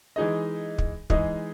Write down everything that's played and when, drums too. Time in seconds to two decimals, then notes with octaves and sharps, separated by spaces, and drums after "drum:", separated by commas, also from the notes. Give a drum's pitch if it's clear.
0.16 E3 G#3 D#4 G#4 D#5
0.78 drum: kick
1.10 E3 G#3 D#4 G#4 D#5, drum: kick